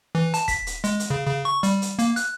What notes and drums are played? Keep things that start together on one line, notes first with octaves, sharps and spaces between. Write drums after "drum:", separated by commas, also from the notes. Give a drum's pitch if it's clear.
E3
A5, drum: hi-hat
B6, drum: kick, hi-hat
drum: hi-hat
G#3, drum: hi-hat
drum: hi-hat
C#3
C#3
C#6
G3, drum: hi-hat
drum: hi-hat
A#3, drum: hi-hat
F#6, drum: hi-hat